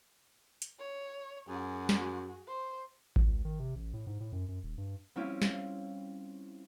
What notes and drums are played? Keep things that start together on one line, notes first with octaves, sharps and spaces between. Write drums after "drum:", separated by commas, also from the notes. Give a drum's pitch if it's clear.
drum: hi-hat
C#5
F#2 F#4 G#4
drum: snare
C5
drum: kick G#1
C#2
D#3
C3
A1
A2
G#2
A2
F#2
F#2
D#1
G2
G3 C4 C#4 E4 F4
drum: snare